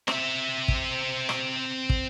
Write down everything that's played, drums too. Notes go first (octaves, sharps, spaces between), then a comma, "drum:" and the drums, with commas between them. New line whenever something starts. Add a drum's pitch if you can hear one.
C4 E5, drum: rim click
drum: kick
drum: rim click
drum: kick